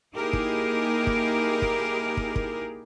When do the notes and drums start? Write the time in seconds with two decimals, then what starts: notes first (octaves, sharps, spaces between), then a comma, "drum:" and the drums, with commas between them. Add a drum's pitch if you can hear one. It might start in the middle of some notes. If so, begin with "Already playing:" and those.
0.15 A#3 D#4 E4 G4 G#4 A#4
0.33 drum: kick
1.07 drum: kick
1.62 drum: kick
2.17 drum: kick
2.36 drum: kick